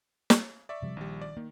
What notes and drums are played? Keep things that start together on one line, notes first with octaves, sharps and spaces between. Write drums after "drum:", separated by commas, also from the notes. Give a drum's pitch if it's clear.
drum: snare
D5 E5 C#6
C3 F3 G3
A#1 D#3 G3
D5
D#3 A#3